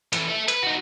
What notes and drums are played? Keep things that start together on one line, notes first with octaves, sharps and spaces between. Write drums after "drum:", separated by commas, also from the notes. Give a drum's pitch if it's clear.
A2 E3, drum: hi-hat
A4 E5
B4, drum: hi-hat
D#4 F#4